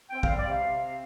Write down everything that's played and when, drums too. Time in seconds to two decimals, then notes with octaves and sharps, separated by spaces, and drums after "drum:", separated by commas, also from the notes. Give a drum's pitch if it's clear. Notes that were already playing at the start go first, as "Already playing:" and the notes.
0.11 C4 G5
0.23 F5, drum: kick A1
0.28 G3
0.37 D5
0.46 C3 F5
0.63 C3
0.81 C4